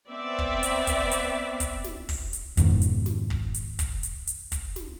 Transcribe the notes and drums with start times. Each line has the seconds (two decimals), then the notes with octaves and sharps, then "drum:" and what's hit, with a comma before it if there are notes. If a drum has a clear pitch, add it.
0.10 B3 C4 D5 E5
0.39 drum: kick
0.63 drum: hi-hat
0.87 drum: kick, hi-hat
1.11 drum: hi-hat
1.60 drum: kick, hi-hat
1.84 drum: snare
2.09 drum: kick, open hi-hat
2.33 drum: hi-hat
2.57 F2 G#2 B2 D#3, drum: kick, hi-hat
2.82 drum: hi-hat
3.06 drum: snare
3.30 drum: kick
3.54 drum: hi-hat
3.79 drum: kick, hi-hat
4.03 drum: hi-hat
4.27 drum: hi-hat
4.52 drum: kick, hi-hat
4.76 drum: snare